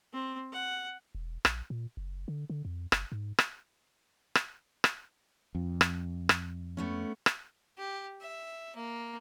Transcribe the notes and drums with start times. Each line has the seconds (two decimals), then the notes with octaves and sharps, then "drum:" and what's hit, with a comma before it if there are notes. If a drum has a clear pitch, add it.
0.13 C4
0.53 F#5
1.15 E1
1.45 A#1, drum: rim click
1.70 A#2
1.97 F#1
2.28 D3
2.50 D3
2.65 F2
2.92 F#1, drum: rim click
3.12 G#2
3.39 drum: rim click
4.35 drum: rim click
4.84 drum: rim click
5.55 F2
5.81 drum: rim click
6.29 drum: rim click
6.77 A3 B3 C#4
7.26 drum: rim click
7.78 G4
8.21 E5
8.76 A#3